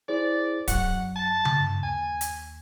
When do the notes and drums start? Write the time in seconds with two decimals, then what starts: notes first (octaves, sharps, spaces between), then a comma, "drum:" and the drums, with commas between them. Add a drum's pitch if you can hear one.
0.08 E4 G#4 C5 D5
0.68 F#2 F#3 F#5, drum: kick D1, hi-hat
1.16 A5
1.45 drum: tom C#3
1.60 G2
1.83 D#2 G#5
2.21 drum: hi-hat